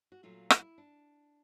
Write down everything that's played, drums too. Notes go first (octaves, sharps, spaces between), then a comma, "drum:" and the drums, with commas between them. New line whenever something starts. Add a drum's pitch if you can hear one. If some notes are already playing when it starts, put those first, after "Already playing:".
F#4
A#2 F#3 A3 F4
E4, drum: rim click
D4